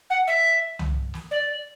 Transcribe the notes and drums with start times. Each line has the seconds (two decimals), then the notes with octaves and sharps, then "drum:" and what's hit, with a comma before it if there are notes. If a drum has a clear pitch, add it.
0.10 F#5
0.27 E5
0.79 drum: tom C2
1.14 drum: snare
1.31 D5